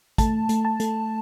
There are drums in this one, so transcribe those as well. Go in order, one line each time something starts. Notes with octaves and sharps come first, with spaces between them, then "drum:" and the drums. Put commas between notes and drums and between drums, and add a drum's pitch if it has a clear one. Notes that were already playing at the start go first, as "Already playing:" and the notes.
A3 A5, drum: kick, hi-hat
A3, drum: hi-hat
A5
A3, drum: hi-hat